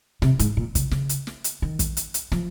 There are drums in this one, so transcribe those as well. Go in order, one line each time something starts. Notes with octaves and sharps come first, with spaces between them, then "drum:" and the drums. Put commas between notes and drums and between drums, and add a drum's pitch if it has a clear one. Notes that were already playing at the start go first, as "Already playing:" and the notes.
C3, drum: snare
G#2, drum: hi-hat
A#2
C#3, drum: kick, hi-hat
C#3, drum: snare
drum: hi-hat
drum: snare
drum: hi-hat
D#3
drum: kick, hi-hat
drum: hi-hat
drum: hi-hat
F3, drum: snare